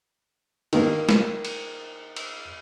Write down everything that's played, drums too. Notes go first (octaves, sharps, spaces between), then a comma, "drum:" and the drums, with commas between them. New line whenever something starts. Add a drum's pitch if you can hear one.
D#3 A#3, drum: cymbal
drum: snare
drum: cymbal
drum: cymbal